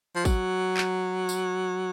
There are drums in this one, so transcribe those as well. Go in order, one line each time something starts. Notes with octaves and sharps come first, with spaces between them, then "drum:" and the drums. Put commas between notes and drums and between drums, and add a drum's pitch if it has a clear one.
F3
F#3, drum: kick, tambourine
drum: clap
drum: tambourine